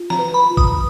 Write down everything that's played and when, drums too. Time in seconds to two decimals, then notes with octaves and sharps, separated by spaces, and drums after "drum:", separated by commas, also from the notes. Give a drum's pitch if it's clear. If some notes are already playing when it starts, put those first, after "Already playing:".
Already playing: F4
0.10 A#5, drum: snare
0.19 B4
0.34 B5
0.50 F4
0.57 D#6, drum: kick G#1